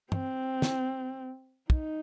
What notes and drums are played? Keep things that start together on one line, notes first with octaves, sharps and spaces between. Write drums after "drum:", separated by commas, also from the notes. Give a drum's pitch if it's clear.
C4, drum: tom
drum: snare
D#4, drum: kick